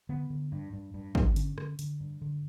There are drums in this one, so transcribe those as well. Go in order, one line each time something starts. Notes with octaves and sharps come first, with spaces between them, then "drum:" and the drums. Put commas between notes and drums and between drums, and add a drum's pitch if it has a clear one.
D3 B3
D3
G2
G2
G2
G2, drum: kick
D3 C#4, drum: hi-hat
D3, drum: rim click
D3, drum: hi-hat
G2
D3